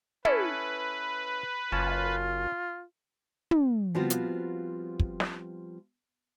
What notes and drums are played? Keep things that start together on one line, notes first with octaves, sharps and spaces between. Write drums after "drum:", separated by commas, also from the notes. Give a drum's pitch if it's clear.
C#4 E4 A4 B4, drum: tom
F#1 C#4 F4 A5
drum: tom
F3 G3 B3 C4 F4 F#4
drum: hi-hat
drum: kick
drum: snare